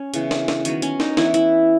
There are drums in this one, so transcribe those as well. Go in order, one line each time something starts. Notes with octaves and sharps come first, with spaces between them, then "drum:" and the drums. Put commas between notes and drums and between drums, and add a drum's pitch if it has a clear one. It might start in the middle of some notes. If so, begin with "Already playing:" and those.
Already playing: C#4
C#3 E3 B3, drum: hi-hat
drum: snare
drum: snare
D#3 F#3 B3 C#4, drum: hi-hat
C#4, drum: hi-hat
D#4, drum: snare
E3 B3 E4, drum: snare
E4, drum: hi-hat